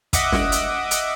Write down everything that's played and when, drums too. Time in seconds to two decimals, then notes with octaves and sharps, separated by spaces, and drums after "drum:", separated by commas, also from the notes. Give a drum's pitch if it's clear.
0.13 D#5 E5 F#5 D6 D#6, drum: kick, hi-hat
0.32 drum: snare
0.52 drum: hi-hat
0.91 drum: hi-hat